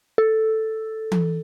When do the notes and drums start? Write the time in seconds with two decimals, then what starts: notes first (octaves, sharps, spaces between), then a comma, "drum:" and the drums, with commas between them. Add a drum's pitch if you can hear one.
0.18 A4
1.12 drum: tom E3